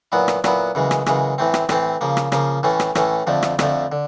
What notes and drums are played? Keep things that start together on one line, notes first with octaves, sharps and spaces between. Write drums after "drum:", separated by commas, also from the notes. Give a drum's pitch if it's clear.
A#2 F#3 B3 E4
drum: rim click
A#2 F#3 B3 E4, drum: rim click
F#2 C#3 E3 G#3
drum: rim click
F#2 C#3 E3 G#3, drum: rim click
A2 E3 A3 C4
drum: rim click
A2 E3 A3 C4, drum: rim click
C#3 F3 A#3
drum: rim click
C#3 F3 A#3, drum: rim click
A2 E3 A3 C#4
drum: rim click
A2 E3 A3 C#4, drum: rim click
F2 D3 F3 A3
drum: rim click
F2 D3 F3 A3, drum: rim click
D3